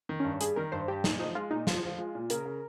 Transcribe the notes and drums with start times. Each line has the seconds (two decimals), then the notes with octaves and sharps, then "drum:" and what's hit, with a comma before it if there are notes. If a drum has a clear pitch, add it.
0.09 D#3
0.20 G2 C#4
0.41 G3 G#4, drum: hi-hat
0.56 D#3 A#4
0.72 G2 C5
0.88 G2 G4
1.04 A#2 D#4, drum: snare
1.19 F3 D#4
1.35 G#3 F4
1.51 A#2 D#4
1.67 F3 F4, drum: snare
1.83 F3
1.98 G#3
2.15 A#2
2.30 C#3 A#4, drum: hi-hat
2.45 C#3